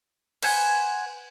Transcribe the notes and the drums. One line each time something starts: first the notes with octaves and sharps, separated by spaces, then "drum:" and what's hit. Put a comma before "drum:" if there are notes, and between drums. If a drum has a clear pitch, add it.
B4 C5 F#5 G#5, drum: cymbal